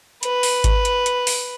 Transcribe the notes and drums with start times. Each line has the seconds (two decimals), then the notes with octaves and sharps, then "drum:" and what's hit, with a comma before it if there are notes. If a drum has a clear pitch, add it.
0.23 B4, drum: hi-hat
0.43 drum: open hi-hat
0.64 drum: kick G#1, hi-hat
0.85 drum: hi-hat
1.06 drum: hi-hat
1.27 drum: open hi-hat